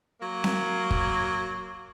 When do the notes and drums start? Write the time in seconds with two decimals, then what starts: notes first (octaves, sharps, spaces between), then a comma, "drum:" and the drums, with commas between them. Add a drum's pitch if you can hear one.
0.20 F#3 A#3
0.44 drum: snare C4
0.91 drum: kick